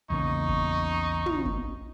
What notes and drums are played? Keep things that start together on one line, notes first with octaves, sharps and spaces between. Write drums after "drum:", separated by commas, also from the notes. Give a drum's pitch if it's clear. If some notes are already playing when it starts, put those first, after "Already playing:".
A#1 E2 C#3 A#3 D#4 C#6
drum: kick F#1
drum: tom
drum: kick F#1